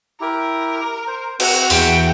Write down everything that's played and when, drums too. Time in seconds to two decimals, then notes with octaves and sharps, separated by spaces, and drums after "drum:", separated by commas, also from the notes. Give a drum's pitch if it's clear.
0.21 E4 G4 A#4
1.07 C5
1.40 C4 F#4 F#5, drum: cymbal
1.70 E2 G5 B5, drum: open hi-hat